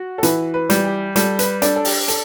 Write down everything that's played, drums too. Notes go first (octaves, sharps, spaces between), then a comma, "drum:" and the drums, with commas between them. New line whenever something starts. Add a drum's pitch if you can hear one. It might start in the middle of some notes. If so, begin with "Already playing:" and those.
Already playing: F#4
A4
E3 B4, drum: hi-hat
B4
G3, drum: hi-hat
G4
G3 A4, drum: hi-hat
B4, drum: hi-hat
D4 A4, drum: hi-hat
A4
G4, drum: open hi-hat
A4, drum: hi-hat